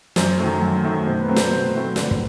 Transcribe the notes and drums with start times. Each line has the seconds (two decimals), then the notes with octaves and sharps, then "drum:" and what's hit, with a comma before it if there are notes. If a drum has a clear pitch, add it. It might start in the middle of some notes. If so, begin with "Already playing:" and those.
0.16 F#2 C5, drum: snare
0.39 D#3 F#3 A3
0.61 F#2
0.84 D#3 F#3 A3
1.06 B2 C5
1.21 B4
1.28 F#3 A3 C4
1.36 C5, drum: snare
1.51 B2 C5
1.74 F#3 A3 C4
1.96 D3 B4, drum: snare
2.11 drum: kick